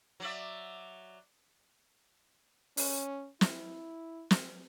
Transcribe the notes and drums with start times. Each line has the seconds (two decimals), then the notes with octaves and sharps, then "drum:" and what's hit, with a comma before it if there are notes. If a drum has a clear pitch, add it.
0.20 F#3 D5 E5
2.77 C#4, drum: open hi-hat
3.41 E4, drum: snare
4.31 drum: snare